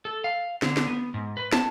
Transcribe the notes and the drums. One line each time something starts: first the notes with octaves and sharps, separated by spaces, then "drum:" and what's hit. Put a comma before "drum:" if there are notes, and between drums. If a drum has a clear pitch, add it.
A4
F5
D3, drum: snare
drum: snare
B3
G#2
B4
A5, drum: snare